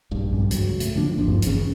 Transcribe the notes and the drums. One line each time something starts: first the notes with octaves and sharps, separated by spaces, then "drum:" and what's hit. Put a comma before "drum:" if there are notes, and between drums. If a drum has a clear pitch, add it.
A#1 G2
drum: tom G2
C#2 F#3, drum: hi-hat
A2, drum: hi-hat
F3 D4, drum: tom D3
G#1 D#2 F3
drum: tom G2
D1 G#1 C#3, drum: hi-hat